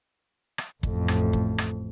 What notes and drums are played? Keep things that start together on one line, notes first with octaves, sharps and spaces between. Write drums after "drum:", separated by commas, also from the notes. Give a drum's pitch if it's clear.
drum: rim click
A1 F2, drum: kick
drum: rim click
drum: kick
drum: rim click